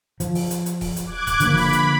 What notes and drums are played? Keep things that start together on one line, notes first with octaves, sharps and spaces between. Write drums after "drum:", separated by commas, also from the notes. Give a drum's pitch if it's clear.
F3, drum: hi-hat
drum: open hi-hat
drum: hi-hat
drum: hi-hat
drum: kick D#1, open hi-hat
drum: hi-hat
D6 F#6 G#6
drum: kick D#1, hi-hat
D3 F3 A#3 B5, drum: hi-hat
drum: open hi-hat
drum: hi-hat